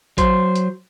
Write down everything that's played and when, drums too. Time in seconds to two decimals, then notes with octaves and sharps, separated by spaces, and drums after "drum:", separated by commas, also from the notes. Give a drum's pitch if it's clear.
0.18 F#3 C5, drum: kick A1, hi-hat
0.56 drum: hi-hat